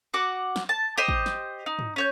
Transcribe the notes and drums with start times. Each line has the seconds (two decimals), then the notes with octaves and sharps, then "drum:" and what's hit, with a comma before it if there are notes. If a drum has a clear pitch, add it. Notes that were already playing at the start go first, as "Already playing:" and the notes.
0.14 F#4 F#5 D6
0.56 drum: snare
0.69 A5
0.98 G4 C5 D#5
1.08 drum: kick A1
1.26 drum: snare
1.66 D#4
1.79 drum: tom
1.96 C#4 C#5 G6